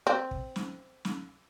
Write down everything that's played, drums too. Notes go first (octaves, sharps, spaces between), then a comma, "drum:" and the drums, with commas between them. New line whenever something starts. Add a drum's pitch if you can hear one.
C4
drum: kick
drum: snare
drum: snare